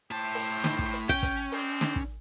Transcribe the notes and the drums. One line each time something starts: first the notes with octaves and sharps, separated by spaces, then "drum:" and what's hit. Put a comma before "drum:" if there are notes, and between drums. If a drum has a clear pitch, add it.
A2 E4 G4 C5 A5
drum: open hi-hat
drum: snare
drum: kick
drum: hi-hat
C#4 G5, drum: kick
drum: kick, hi-hat
G3 G#3 C4, drum: open hi-hat
drum: snare
drum: kick